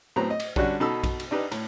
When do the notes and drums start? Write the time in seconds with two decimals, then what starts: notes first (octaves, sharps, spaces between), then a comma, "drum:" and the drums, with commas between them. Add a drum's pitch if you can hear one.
0.16 A2 F#3 B3 C4 A#5
0.30 D#5
0.40 drum: cymbal
0.56 D3 G3 C#4 D4 F#4 F#6, drum: kick A#1
0.80 B2 D#4 A4 B5 E6
1.04 drum: kick A#1, cymbal
1.20 drum: cymbal
1.31 D4 D#4 G4 B4
1.52 A2, drum: cymbal